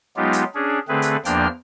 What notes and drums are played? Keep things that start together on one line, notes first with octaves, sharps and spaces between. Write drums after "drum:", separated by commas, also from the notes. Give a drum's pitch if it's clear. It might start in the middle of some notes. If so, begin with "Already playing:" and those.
F#3 G#3 B3 D#4 F4 G4
drum: hi-hat
C#4 D4 G#4
D3 A3 C4 G#4 B4
drum: hi-hat
E2 F3 A#3 D4 G5 F6, drum: hi-hat